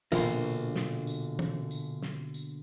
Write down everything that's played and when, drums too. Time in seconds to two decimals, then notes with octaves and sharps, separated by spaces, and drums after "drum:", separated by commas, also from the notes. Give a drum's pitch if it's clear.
0.12 A#1 B2 D3 A#3 C6, drum: tom
0.75 drum: snare
1.07 drum: tambourine
1.39 drum: tom
1.71 drum: tambourine
2.03 drum: snare
2.34 drum: tambourine